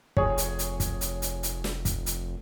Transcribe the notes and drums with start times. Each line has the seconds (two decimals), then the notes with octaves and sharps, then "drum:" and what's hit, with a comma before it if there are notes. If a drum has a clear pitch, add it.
0.17 F1 G#4 C#5, drum: kick
0.38 drum: hi-hat
0.59 drum: hi-hat
0.80 drum: kick, hi-hat
1.01 drum: hi-hat
1.22 drum: hi-hat
1.43 drum: hi-hat
1.64 drum: snare
1.85 drum: kick, hi-hat
2.06 drum: hi-hat